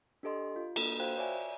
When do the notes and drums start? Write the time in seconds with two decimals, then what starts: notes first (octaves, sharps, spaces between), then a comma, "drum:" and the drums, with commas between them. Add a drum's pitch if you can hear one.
0.23 D4 G4 A4 D#5 C6
0.56 F4
0.76 A#3 D4 A4, drum: cymbal
0.99 F#4 C5 F5 G5 F#6
1.17 C#5 D5 E5 G#5